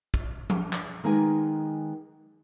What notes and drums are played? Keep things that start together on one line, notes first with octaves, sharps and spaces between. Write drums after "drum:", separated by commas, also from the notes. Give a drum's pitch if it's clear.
drum: kick
drum: tom F3
drum: clap
D#3 G#3 B3 G#4 A#4 G#5